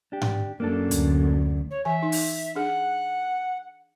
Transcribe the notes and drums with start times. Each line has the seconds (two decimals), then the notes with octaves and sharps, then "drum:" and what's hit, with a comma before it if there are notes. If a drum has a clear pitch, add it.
0.12 D4 G4
0.22 drum: tom G#2
0.60 F#2 A#3 D4 A4
0.91 D2, drum: hi-hat
1.71 C#5
1.85 E3 E5 G#5
2.03 D#4
2.12 drum: open hi-hat
2.55 D4 G#4 F#5